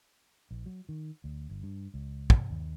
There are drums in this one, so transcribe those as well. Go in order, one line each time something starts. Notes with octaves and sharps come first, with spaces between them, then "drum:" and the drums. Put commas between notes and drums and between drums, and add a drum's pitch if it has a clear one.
A#1
F#3
D#3
D2
G1
G2
C#2
drum: kick
D#2